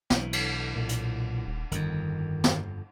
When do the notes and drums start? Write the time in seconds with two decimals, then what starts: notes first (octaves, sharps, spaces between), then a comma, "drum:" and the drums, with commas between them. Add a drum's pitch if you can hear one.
0.10 B1 E3, drum: snare
0.33 drum: cymbal
0.75 A#2
0.89 drum: hi-hat
1.47 D#1
1.72 G1 F2 D#3, drum: hi-hat
2.44 drum: snare